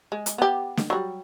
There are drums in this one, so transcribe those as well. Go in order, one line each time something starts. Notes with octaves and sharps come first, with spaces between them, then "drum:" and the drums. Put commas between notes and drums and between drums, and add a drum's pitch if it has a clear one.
G#3
drum: hi-hat
B3 G4
drum: snare
F#3 G3